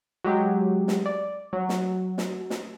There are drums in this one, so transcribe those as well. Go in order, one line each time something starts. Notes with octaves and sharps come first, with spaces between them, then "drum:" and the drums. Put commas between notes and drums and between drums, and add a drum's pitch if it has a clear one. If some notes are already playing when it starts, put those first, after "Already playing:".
F#3 G#3 G4
drum: snare
D5
F#3
drum: snare
drum: snare
drum: snare